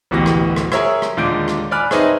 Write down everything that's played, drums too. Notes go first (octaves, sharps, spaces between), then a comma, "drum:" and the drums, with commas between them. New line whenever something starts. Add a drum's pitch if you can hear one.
A1 D2 B2 E3 G4 A#6
drum: rim click
drum: rim click
G#4 A#4 C#5 E5 E6 G#6, drum: rim click
drum: rim click
D#2 A#2 D3 G#3 G6 D7
drum: rim click
D5 G#5 B5 F6 F#6
C4 D#4 G#4 B4 C#5 E5, drum: rim click